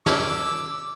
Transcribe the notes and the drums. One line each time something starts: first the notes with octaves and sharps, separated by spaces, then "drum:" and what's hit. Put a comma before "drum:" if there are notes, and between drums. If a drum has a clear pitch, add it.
D6 E6, drum: snare